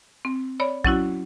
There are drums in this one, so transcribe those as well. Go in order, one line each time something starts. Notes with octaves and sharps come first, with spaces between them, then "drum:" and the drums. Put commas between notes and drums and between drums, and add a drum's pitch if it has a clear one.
C4
C#5 D5 B5
F#3 C#4 E4 F#4, drum: kick A#1